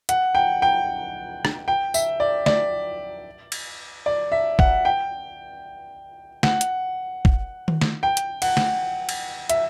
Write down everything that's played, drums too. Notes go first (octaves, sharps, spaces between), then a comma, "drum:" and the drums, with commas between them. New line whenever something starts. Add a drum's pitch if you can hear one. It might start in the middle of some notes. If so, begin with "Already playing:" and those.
F#5, drum: hi-hat
G5
G5
drum: rim click
G5
E5, drum: tambourine
D5
D5, drum: snare
drum: cymbal
D5
E5
F#5, drum: kick
G5
F#5, drum: snare
drum: hi-hat
drum: kick
drum: tom D#3
drum: snare
G5
drum: hi-hat
F#5, drum: cymbal
drum: snare
drum: cymbal
E5, drum: hi-hat